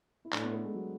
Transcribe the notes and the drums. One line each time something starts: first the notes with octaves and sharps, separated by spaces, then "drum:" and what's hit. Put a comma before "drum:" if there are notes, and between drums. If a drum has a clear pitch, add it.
E4
A2 D4, drum: clap
B3
A3
G#3
F#3